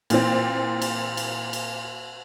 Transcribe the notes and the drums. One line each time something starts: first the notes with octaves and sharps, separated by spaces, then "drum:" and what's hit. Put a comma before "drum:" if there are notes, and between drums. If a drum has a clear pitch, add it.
A#2 E3 C4, drum: cymbal
drum: cymbal
drum: cymbal
drum: cymbal